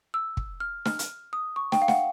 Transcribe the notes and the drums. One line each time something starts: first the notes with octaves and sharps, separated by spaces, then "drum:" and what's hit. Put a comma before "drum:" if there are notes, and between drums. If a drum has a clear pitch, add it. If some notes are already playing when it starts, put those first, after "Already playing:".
E6
drum: kick
F6
F6, drum: snare
drum: hi-hat
D#6
C#6
G5, drum: snare
F5
F#5, drum: snare